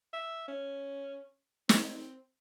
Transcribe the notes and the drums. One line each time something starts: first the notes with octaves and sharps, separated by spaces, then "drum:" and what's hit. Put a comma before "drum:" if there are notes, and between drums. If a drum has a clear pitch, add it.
E5
C#4
C4, drum: snare